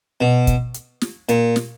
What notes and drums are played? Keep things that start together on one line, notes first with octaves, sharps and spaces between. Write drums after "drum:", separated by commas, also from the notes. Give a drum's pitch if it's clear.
B2
drum: kick, hi-hat
drum: hi-hat
drum: snare
A#2, drum: hi-hat
drum: snare